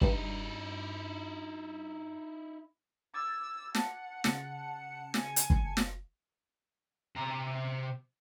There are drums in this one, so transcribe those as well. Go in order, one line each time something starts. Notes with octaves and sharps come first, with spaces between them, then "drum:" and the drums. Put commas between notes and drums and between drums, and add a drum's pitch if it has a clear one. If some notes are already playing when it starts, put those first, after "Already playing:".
G2 D#4 E4, drum: kick
D6 E6 G#6 A6
F#5 A5, drum: snare
C#3 A5 C#7, drum: snare
G#5, drum: snare
drum: hi-hat
drum: kick
drum: snare
C3 A#5